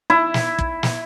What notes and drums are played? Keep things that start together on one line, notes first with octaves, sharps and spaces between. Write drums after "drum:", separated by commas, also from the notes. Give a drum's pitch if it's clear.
E4
drum: snare
drum: kick
drum: snare